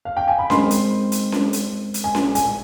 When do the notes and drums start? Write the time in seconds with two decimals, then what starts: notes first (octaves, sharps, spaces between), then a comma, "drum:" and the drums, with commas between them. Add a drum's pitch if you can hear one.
0.05 F5
0.17 G5
0.28 G#5
0.39 B5
0.50 D#3 G#3 C4 C6, drum: snare C#4
0.71 drum: hi-hat
1.12 drum: hi-hat
1.32 drum: snare C#4
1.53 drum: hi-hat
1.94 drum: hi-hat
2.04 G#5
2.15 drum: snare C#4
2.35 G#5, drum: hi-hat